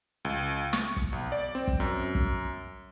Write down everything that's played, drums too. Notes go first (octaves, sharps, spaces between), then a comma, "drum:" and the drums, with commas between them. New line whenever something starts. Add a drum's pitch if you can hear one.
C#2
C#6, drum: snare
drum: kick
B1
D5
C4
drum: kick
F#2
drum: kick